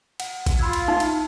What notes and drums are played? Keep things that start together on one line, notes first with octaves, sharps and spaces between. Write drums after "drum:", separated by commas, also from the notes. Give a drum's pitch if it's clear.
F#5, drum: cymbal
drum: kick A#1, cymbal
F4 B5 E6 G#6
drum: cymbal
D#4 E5
drum: cymbal